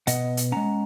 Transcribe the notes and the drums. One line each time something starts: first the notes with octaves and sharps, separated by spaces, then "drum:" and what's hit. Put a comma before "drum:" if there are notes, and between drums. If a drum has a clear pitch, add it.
B2 D#5 F#5, drum: hi-hat
drum: hi-hat
G#3 C#4 F#5 A#5